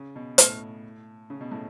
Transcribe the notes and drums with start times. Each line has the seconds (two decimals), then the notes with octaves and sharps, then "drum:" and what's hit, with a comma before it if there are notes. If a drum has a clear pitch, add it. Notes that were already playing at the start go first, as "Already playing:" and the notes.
Already playing: C#3
0.16 B2
0.38 A2, drum: hi-hat
1.30 C#3
1.41 B2
1.51 A2